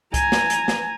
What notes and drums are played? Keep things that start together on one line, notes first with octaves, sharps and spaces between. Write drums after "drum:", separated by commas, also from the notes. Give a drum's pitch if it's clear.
G#5 A#5, drum: kick C2, hi-hat
drum: snare B4
drum: hi-hat
drum: snare B4